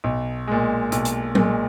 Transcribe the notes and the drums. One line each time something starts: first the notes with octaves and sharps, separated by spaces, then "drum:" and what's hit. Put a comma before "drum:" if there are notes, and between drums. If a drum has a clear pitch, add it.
B1
A#2 G#3
B1, drum: hi-hat
drum: hi-hat
A#2 G#3, drum: tom F#3